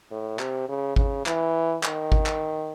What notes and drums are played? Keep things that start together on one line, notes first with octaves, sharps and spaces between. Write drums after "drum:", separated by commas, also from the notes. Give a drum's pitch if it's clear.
A2
C3, drum: clap
C#3
C#3, drum: kick G#1
E3, drum: clap
D#3, drum: clap
drum: kick G#1
drum: clap